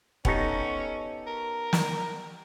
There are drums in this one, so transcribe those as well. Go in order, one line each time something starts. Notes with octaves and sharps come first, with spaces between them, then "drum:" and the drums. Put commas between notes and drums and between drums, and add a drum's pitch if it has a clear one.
B3 C#4 D#4 G4 A4 C#6, drum: kick E1
A#4
drum: snare